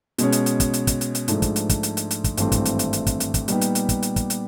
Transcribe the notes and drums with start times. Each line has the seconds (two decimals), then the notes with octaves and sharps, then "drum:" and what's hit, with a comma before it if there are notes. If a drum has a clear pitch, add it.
0.18 B2 G#3 C#4, drum: hi-hat
0.32 drum: hi-hat
0.46 drum: hi-hat
0.60 drum: kick, hi-hat
0.73 drum: hi-hat
0.87 drum: kick, hi-hat
1.01 drum: hi-hat
1.15 drum: hi-hat
1.28 G#2 F3 A3 D4, drum: hi-hat
1.42 drum: kick, hi-hat
1.56 drum: hi-hat
1.69 drum: kick, hi-hat
1.83 drum: hi-hat
1.97 drum: hi-hat
2.11 drum: hi-hat
2.24 drum: kick, hi-hat
2.37 G#1 G2 E3 A3 C4, drum: hi-hat
2.52 drum: kick, hi-hat
2.65 drum: hi-hat
2.79 drum: hi-hat
2.93 drum: hi-hat
3.07 drum: kick, hi-hat
3.20 drum: hi-hat
3.34 drum: kick, hi-hat
3.48 A#2 G3 B3 D#4 G4, drum: hi-hat
3.61 drum: hi-hat
3.75 drum: hi-hat
3.89 drum: kick, hi-hat
4.02 drum: hi-hat
4.16 drum: kick, hi-hat
4.30 drum: hi-hat